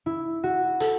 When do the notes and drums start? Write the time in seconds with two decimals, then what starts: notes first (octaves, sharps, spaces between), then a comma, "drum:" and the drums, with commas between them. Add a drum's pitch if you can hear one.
0.06 E4
0.43 F#4
0.80 A4, drum: hi-hat